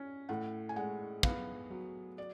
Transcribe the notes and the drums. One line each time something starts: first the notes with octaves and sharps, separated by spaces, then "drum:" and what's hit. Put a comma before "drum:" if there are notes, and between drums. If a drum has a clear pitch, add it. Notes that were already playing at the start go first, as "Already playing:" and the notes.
Already playing: C#4 G#5
A2 F#5
G#5
G#3 F#5
B3 F5, drum: kick
F#3
D5